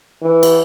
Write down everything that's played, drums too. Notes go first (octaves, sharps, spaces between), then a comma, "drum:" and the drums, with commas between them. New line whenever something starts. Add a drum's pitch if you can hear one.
E3
drum: cymbal